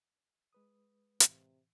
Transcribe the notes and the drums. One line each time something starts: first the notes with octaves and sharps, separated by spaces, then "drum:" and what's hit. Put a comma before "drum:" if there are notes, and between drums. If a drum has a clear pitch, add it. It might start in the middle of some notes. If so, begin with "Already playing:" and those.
G#3 B4 D#6
A2 C3 E3 F5, drum: hi-hat